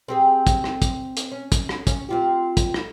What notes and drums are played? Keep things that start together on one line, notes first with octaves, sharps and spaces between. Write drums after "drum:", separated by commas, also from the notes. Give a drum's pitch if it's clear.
C4 G4 G#4
drum: kick, hi-hat
drum: rim click
drum: kick, hi-hat
drum: hi-hat
C#4
drum: kick, hi-hat
drum: rim click
C#4, drum: kick, hi-hat
C4 F4 G4
drum: kick, hi-hat
drum: rim click